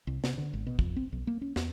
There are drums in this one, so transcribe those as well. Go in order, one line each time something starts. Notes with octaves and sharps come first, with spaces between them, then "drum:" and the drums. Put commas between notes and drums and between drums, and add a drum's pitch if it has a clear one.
C2
C3, drum: snare
D3
G#1
B2
F2, drum: kick
C4
B1
A#3
C#4
E2, drum: snare